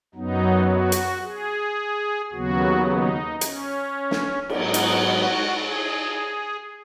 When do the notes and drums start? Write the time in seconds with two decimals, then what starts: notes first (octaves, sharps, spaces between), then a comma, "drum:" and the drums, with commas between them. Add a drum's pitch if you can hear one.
0.14 F#2 F#3 B3 D#4
0.69 F#4
0.92 drum: hi-hat
1.24 G#4
2.33 D#2 C#3 F#3 B3 F#4
2.86 D#4
3.41 C#4, drum: hi-hat
4.11 drum: snare
4.49 G#2 F#3 B3 D#4, drum: cymbal
4.74 drum: hi-hat
5.05 F#4
5.59 G#4